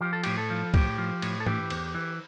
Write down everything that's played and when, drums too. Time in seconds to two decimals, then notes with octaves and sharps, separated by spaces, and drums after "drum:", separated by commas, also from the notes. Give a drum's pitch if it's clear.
0.01 F3 G4
0.13 A4
0.24 A2 G4, drum: cymbal
0.38 A4
0.50 F3
0.74 A2 G4, drum: kick, cymbal
0.98 F3
1.22 A2, drum: cymbal
1.40 A4
1.47 E3 G4, drum: tom G#2
1.70 E2, drum: cymbal
1.95 E3